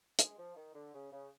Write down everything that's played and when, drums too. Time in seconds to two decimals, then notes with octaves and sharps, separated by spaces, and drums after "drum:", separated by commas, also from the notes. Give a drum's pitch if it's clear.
0.19 G#3, drum: hi-hat
0.38 F3
0.56 D#3
0.74 D3
0.93 C#3
1.11 C#3